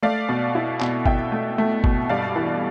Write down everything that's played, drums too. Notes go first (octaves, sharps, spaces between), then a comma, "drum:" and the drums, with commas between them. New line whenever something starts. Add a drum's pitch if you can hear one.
A3 D5 F5
B2
E4
B2, drum: clap
B2 E5 G5, drum: kick
A3
A3
B2, drum: kick
G2 D5 F5
E3